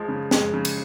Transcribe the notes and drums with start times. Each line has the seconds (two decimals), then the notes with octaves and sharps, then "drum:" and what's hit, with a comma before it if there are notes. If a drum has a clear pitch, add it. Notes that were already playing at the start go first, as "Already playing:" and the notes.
Already playing: F3 G#3
0.08 C#3
0.31 G#3, drum: snare
0.54 C#3
0.65 drum: cymbal